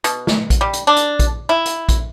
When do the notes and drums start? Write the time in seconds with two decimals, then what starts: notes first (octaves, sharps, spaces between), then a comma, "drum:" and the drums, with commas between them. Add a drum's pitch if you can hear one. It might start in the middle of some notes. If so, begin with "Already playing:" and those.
0.04 B2, drum: hi-hat
0.27 drum: snare
0.50 drum: kick A#1, hi-hat
0.61 G3
0.73 drum: hi-hat
0.87 D4
0.96 drum: hi-hat
1.19 drum: kick A#1, hi-hat
1.49 E4
1.66 drum: hi-hat
1.89 drum: kick A#1, hi-hat